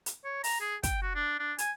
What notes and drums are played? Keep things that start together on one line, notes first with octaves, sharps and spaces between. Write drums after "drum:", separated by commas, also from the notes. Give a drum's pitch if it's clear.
drum: hi-hat
C#5
A#5, drum: open hi-hat
G#4
G5, drum: kick, hi-hat
F#4
D4
D4
G#5, drum: hi-hat